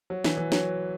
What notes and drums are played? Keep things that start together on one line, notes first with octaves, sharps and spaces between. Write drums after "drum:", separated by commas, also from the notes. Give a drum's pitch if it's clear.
F#3
E3, drum: snare
E3
F#3, drum: snare